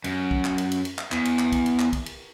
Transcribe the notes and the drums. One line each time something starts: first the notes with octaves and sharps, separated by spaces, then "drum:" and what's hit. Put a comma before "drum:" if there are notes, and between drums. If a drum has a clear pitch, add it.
F#2, drum: cymbal
drum: kick
drum: clap
drum: cymbal
drum: cymbal
drum: cymbal
drum: clap
E2, drum: clap
drum: cymbal
drum: clap
drum: kick, cymbal
drum: cymbal
drum: clap
drum: kick, cymbal
drum: cymbal